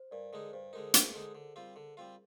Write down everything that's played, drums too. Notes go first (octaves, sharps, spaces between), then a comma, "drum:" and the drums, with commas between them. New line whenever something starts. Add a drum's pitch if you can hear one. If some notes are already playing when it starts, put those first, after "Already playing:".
Already playing: C5
G2 A#4 D5
D3 G#3 D#4
G2 C5
D3 G#3 D#4 A#4
G2 G#4, drum: hi-hat
D3 G#3 D#4
D3
G3 C4 F4
D3
G3 C4 F4